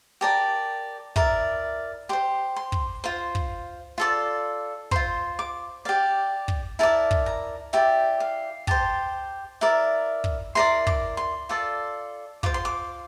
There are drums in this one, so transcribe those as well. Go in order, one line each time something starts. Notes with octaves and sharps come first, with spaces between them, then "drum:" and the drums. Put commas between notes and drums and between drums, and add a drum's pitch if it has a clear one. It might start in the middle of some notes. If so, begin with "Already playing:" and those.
G4 A#4 D5 A5
E4 A#4 D5, drum: kick
G4 C5 C6
C6
drum: kick
F4 C5
drum: kick
F4 A4 D5
F4 C5 C6, drum: kick
D6
G4 D5 F5
drum: kick
E4 A#4 D5 A5
drum: kick
A#5
E4 G4 D5
F5
G4 C5 A5, drum: kick
E4 A#4 D5
drum: kick
E4 A#4 D5 C6
D6, drum: kick
C6
F4 A4 D5
F4 C5 D6, drum: kick
C6
D6